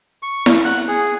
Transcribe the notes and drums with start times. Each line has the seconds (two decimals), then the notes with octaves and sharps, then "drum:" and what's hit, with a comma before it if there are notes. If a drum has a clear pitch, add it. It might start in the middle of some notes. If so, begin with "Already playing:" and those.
0.23 C#6
0.46 drum: snare E4
0.64 F#5
0.88 G#4